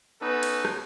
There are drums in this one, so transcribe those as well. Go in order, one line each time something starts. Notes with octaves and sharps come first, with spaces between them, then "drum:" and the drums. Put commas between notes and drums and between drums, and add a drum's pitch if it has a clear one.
B3 C#4 D#4 A4 B4
drum: cymbal
drum: rim click